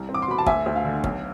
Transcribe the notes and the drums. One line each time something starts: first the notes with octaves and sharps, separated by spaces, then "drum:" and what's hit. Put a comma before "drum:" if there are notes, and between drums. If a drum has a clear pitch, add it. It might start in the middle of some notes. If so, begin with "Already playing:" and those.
Already playing: C2
C4
D6
C6
B2 B5
A5
D2 E5 G#5, drum: kick
D2
F5
D3
B1, drum: kick